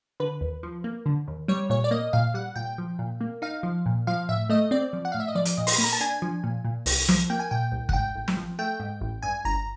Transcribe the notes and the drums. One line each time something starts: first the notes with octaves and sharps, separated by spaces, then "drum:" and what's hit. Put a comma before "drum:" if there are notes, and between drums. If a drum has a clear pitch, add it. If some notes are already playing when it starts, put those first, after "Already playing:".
D3 B4
D#2
F3
A#3
D3
D#2
G3 C#5
A#2 C#5
D5
A#3 D#5
A#2 F5
G3 F#5
A#2 G5
F3
A#2
A#3
D#4 F5
F3
A#2
F3 F5
A2 E5
A3 D#5
C4 D5
F3
F#5
A2 F5
E5
D#5
F3 D5
drum: hi-hat
A#2 D#5
C6, drum: open hi-hat
A#3 B5
A#5
A5
D4 G#5
F3
A#2
A#2
C2, drum: open hi-hat
F3, drum: snare
A#3 G5
G#5
A#2 G5
C2
F#5, drum: kick
G#2 G5
A1
drum: snare
F3
A3 G5
G#2
A1
G2 G#5
G1 A#5